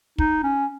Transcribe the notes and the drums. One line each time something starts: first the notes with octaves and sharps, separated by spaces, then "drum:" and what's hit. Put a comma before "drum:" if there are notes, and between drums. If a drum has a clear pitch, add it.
D#4, drum: kick
C#4